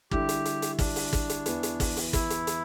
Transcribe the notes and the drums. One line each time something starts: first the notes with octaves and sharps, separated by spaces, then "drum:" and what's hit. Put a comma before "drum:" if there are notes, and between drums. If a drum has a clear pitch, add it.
D3 G3 E4 G4, drum: kick
drum: hi-hat
drum: hi-hat
drum: hi-hat
D4, drum: kick, open hi-hat
drum: open hi-hat
drum: kick, hi-hat
drum: hi-hat
E2 E3 B3, drum: hi-hat
drum: hi-hat
drum: kick, open hi-hat
drum: open hi-hat
E4, drum: kick, hi-hat
drum: hi-hat
drum: hi-hat